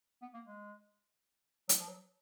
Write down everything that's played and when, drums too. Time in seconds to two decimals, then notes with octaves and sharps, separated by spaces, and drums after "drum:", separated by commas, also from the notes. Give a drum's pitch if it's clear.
0.22 B3
0.34 A#3
0.47 G#3
1.69 F#3, drum: hi-hat
1.80 F3
1.88 F#3